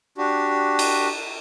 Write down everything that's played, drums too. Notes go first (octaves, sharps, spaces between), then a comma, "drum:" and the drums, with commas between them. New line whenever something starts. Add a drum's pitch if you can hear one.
D4 F#4 G4
drum: cymbal